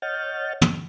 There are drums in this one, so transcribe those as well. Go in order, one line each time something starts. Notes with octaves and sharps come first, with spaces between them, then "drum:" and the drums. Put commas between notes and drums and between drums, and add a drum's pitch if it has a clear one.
C#5 D#5 F#5 F6 G6 A6
drum: tom